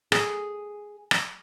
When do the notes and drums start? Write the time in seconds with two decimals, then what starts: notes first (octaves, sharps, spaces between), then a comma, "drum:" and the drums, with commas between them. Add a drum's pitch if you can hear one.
0.12 G#4, drum: rim click
1.11 drum: rim click